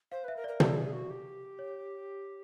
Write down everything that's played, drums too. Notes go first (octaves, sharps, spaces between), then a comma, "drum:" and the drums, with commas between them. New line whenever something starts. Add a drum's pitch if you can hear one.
C5 F5
B4 E5
A#4
D5
A#4
A4 D5, drum: tom
G#4
F#4
G4
C#5